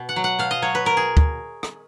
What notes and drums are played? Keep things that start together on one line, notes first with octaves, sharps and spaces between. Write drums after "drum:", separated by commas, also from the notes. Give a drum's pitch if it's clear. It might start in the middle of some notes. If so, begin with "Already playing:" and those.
Already playing: B2
F#5
F#3
F#5
B2 F5
D#5
F#3 C#5
B4
B2 A#4
G#4
drum: kick
drum: rim click